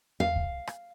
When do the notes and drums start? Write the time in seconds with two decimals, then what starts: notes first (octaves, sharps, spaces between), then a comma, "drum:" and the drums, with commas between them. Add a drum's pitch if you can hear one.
0.20 F5, drum: tom E2
0.36 drum: kick C2
0.67 drum: rim click